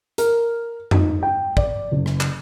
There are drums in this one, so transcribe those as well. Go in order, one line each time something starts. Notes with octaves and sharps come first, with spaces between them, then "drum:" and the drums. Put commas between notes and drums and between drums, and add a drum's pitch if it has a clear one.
A#4, drum: hi-hat
D#4, drum: tom F2
G5
D5, drum: kick
F#1
drum: rim click
drum: clap